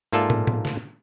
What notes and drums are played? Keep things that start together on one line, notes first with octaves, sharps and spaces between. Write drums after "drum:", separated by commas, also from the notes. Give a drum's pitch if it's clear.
G#2 A#3 F4 A4 D5 E5
drum: tom
drum: tom
drum: snare